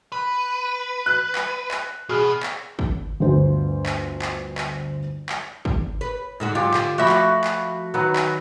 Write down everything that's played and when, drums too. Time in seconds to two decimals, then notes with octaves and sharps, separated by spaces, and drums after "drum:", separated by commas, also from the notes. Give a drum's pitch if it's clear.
0.12 B4
1.06 F#6
1.35 drum: clap
1.71 drum: clap
2.09 B2 B3 G#4 F6
2.43 drum: clap
2.79 drum: kick
3.20 G1 D2 C5
3.86 drum: clap
4.22 drum: clap
4.58 drum: clap
5.29 drum: clap
5.65 drum: kick
6.01 B4
6.40 G#2 D3 F#4
6.55 G#2 F#3 F4 G4
6.74 D3, drum: clap
6.98 F3 A3 F#4 E5 B5
7.08 drum: clap
7.44 drum: clap
7.94 D#3 F#3 B4
8.16 drum: clap